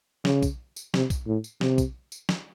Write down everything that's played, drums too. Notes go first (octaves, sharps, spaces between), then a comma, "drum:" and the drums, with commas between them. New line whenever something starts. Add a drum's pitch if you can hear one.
C#3, drum: snare
drum: kick, tambourine
drum: tambourine
C3, drum: snare
drum: kick, tambourine
A2
drum: tambourine
C3, drum: snare
drum: kick, tambourine
drum: tambourine
drum: snare